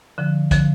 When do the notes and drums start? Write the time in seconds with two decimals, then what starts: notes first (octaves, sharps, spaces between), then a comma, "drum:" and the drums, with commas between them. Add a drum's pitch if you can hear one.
0.18 D3 F3
0.51 D3 F3, drum: kick, hi-hat